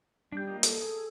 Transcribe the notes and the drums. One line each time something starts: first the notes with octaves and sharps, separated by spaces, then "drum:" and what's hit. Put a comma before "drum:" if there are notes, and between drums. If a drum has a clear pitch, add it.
G3 D4 G6
A#3 F4 D#5
A4, drum: hi-hat
G#4